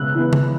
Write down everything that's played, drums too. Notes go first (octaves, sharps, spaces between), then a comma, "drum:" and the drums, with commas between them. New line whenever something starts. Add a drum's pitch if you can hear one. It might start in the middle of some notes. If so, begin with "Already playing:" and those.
Already playing: C#3 B3 E6 F#6
E3 B3
drum: tom C#3